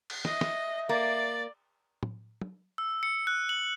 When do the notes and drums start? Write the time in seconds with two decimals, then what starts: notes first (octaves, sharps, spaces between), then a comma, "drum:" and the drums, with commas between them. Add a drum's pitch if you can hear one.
0.10 drum: cymbal
0.25 D#5 E5, drum: snare
0.41 drum: snare
0.89 A#3 D5 A6
2.03 drum: tom
2.41 drum: tom
2.78 E6
3.03 C#7
3.27 F#6
3.49 F#7